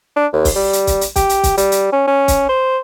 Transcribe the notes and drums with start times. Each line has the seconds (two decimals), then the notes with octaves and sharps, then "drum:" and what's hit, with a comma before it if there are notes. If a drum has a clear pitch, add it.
0.16 D4
0.33 D#2
0.45 drum: kick, open hi-hat
0.56 G3
0.73 drum: hi-hat
0.87 drum: kick, hi-hat
1.01 drum: hi-hat
1.16 G4, drum: kick, hi-hat
1.29 drum: hi-hat
1.43 drum: kick, hi-hat
1.58 G3, drum: hi-hat
1.72 drum: hi-hat
1.93 C#4
2.08 C#4
2.28 drum: kick, hi-hat
2.49 C5